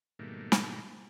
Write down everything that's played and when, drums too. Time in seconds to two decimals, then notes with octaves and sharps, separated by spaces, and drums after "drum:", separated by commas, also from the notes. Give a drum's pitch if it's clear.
0.19 G#2 B2 D#3 G3 A3 A#3
0.52 drum: snare